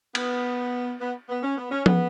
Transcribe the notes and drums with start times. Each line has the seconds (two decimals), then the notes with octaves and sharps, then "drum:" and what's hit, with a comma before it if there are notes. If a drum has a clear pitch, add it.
0.15 B3, drum: cymbal
1.00 B3
1.29 B3
1.43 C#4
1.57 B3
1.71 C#4
1.86 B3, drum: tom F3